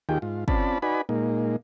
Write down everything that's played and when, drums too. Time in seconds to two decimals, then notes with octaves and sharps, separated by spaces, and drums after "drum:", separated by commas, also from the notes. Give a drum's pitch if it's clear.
0.09 D#2 D#3 F4 G4 G#4 G5
0.22 G#2 F4
0.48 C4 C#4 F4 D5 A5 B5, drum: kick
0.82 D#4 F#4 B4 D5 G#5 B5
1.09 A#2 G#3 A#3 D#4